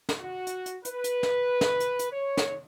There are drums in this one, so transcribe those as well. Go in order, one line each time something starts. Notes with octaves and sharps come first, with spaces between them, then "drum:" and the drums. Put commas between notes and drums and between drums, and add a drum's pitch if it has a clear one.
drum: snare
F#4
drum: hi-hat
drum: hi-hat
B4, drum: hi-hat
drum: hi-hat
drum: snare
drum: snare
drum: hi-hat
drum: hi-hat
C#5
drum: snare